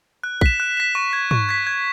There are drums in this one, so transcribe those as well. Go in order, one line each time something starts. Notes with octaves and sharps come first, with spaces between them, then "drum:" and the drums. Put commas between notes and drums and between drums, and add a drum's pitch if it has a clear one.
F#6
B6 E7, drum: kick
F#6
B6 E7
C#6
G#6 B6
C#6, drum: tom
G#6 B6
G#6